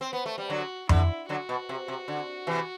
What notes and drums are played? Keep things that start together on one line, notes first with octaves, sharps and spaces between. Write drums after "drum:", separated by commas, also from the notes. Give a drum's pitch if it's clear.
C4
B3
A3
G3
D3 F#3 F#4
D3 E4, drum: tom F2
D3 F#3 F#4
B2
C3
C3
D3
C3 E3